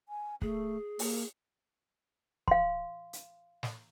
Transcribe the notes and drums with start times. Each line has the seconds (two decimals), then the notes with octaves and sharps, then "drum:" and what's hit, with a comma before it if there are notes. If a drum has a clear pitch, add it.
0.09 G#5
0.42 A3 G#4, drum: kick
0.99 A#3, drum: open hi-hat
2.48 F5 C6, drum: kick
3.13 drum: hi-hat
3.63 drum: snare